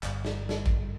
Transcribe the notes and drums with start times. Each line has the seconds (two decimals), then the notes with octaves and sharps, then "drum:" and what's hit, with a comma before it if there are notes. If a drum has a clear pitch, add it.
0.03 G1, drum: clap
0.25 drum: snare
0.49 drum: snare
0.66 drum: kick A1